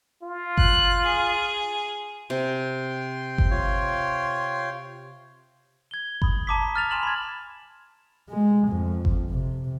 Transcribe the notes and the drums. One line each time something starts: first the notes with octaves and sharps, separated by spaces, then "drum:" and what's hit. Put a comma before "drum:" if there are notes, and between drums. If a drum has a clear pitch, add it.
F4
F#6, drum: kick G1
G#4
C3 G5 C6
drum: kick G1
F4 C#5
G#6 G7
B5 D#6, drum: kick G1
A5 A#5 D6 D#6 B6
F6 A6 F7
G#5 C6 E7 F#7
B5 G#6
G#3
F2
drum: kick G1
C3